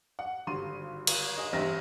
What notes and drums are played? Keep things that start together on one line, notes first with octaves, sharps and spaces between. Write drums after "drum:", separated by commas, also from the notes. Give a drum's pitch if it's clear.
F#5
G#1 G2 D3 C6 D#7
drum: cymbal
G#4 D#5
E2 G2 C4 E5 F6 A#6